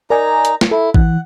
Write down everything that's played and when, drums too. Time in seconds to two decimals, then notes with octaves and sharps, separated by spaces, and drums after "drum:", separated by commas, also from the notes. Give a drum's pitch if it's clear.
0.10 D#4 A#4 D5 G#5 A#5
0.45 drum: hi-hat
0.61 drum: snare
0.71 E4 A4
0.94 E3 F#5, drum: kick A#1